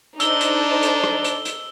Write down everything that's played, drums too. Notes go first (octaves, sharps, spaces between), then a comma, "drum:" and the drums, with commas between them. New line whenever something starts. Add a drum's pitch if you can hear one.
D4 D#4 A4 C5 E6 G7, drum: hi-hat
drum: hi-hat
drum: hi-hat
drum: rim click
drum: hi-hat
drum: hi-hat